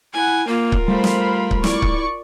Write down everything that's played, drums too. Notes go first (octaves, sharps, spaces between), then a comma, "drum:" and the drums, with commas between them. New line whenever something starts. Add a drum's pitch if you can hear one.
E4 F#5 G#5
A#3 F4 A#4
drum: kick C#1
G3 A3 C5 F5 B5
drum: snare
drum: kick C#1
E4 D5 C#6, drum: snare
drum: kick C#1